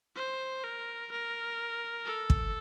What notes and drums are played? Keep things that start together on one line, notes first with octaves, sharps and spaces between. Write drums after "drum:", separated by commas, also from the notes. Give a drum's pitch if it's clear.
C5
A#4
A#4
A4
drum: kick